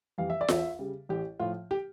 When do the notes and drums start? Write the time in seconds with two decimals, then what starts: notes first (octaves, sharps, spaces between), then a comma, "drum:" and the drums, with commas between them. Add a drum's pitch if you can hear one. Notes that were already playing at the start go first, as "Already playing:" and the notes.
0.18 F2 E3 G3 F5
0.30 E5
0.41 D5
0.48 E2 E5, drum: snare F4
0.79 C#3 G3
1.09 A1 G4
1.40 A2 F3 F4
1.71 G4